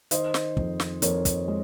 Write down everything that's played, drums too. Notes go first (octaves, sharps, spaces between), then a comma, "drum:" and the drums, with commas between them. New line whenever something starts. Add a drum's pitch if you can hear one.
D#3 C5 D#5, drum: hi-hat
drum: snare
F2, drum: kick
drum: snare
F2 A#4 C#5, drum: hi-hat
drum: kick, hi-hat
G#3